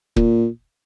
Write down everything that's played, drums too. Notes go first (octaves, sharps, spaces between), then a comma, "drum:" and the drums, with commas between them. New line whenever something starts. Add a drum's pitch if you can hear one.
A#2, drum: kick